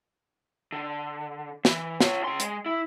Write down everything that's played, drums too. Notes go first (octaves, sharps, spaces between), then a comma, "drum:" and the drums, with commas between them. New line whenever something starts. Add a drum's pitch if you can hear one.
D3
E3, drum: snare
F4 C#5, drum: snare
C#3 C6
G#3, drum: hi-hat
E4